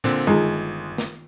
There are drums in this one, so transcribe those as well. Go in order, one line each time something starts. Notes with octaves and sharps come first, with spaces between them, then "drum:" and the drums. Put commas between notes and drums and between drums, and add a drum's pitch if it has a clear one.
A#2 D3 C4, drum: tom A2
G1 D#3 G#3 D#4 F4
drum: snare